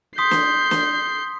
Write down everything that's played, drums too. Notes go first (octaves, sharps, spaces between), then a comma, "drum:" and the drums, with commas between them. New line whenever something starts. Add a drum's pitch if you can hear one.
C6 D#6 G6 B6 C7
drum: snare
drum: snare